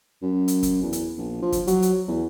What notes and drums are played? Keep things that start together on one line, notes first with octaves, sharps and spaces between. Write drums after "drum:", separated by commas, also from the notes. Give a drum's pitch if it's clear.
F#2
drum: hi-hat
drum: kick, hi-hat
E2
drum: hi-hat
A#1
F3
drum: kick, hi-hat
F#3, drum: hi-hat
drum: hi-hat
E2